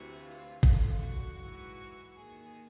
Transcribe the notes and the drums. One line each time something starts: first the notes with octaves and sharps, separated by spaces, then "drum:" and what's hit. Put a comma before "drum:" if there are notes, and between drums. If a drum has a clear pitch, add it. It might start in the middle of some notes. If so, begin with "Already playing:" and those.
Already playing: D2 C3 E3 F#4
F4
F#2 D3 F4, drum: kick
F#4
G#2 E3
D#2 D#3 G#4